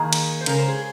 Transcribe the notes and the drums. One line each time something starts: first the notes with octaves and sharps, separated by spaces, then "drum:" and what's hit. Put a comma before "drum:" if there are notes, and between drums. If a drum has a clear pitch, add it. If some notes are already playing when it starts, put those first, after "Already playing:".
Already playing: D#3 A#3 G#4
drum: cymbal
C5
C#3 G#3 A#4, drum: cymbal
C5
G#4